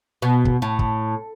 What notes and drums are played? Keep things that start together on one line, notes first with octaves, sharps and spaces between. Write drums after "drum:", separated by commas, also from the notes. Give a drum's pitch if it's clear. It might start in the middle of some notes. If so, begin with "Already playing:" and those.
B2
drum: kick
A2
drum: kick